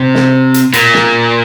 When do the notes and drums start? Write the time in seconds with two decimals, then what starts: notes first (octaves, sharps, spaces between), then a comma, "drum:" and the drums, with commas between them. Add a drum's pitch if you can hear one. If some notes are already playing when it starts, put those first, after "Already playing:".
Already playing: C3
0.15 drum: snare
0.54 drum: hi-hat
0.73 A#2, drum: hi-hat
0.94 drum: snare